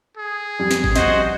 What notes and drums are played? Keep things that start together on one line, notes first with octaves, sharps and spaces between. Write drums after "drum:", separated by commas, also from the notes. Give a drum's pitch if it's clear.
G#4
F2 G3
drum: snare
drum: kick G#1
F#4 C5 D#5, drum: snare